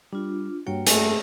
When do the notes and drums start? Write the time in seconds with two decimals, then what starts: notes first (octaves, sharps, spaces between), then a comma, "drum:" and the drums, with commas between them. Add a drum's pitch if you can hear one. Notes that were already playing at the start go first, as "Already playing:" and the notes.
0.13 G3 D4 F4
0.67 G2 A#3 F#4 C#5 G5
0.87 A3 G#4, drum: hi-hat